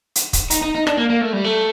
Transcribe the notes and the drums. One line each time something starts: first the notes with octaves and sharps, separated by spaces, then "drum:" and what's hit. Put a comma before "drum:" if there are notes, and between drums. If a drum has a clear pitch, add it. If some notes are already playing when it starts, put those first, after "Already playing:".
drum: hi-hat
drum: kick C#1, hi-hat
D#4, drum: hi-hat
D#4
D#4
D4, drum: rim click
A#3
A#3
A3
G3
A3